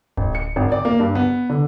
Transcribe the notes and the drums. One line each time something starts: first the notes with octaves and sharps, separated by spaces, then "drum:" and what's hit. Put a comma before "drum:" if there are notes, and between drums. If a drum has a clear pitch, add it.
A1, drum: kick D1
C#7
G#1
D5
A#3
G2
B3
D3